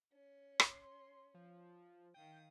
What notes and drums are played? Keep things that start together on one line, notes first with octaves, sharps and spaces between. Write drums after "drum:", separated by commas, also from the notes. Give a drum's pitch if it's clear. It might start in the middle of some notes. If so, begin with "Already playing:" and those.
C#4
C6, drum: rim click
F3
D#3 F5 G5 D#6